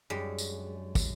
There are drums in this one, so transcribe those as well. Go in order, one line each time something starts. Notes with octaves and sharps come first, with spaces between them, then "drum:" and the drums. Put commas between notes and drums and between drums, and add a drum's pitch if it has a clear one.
F#2 G3 G#3 D4
drum: tambourine
drum: kick, tambourine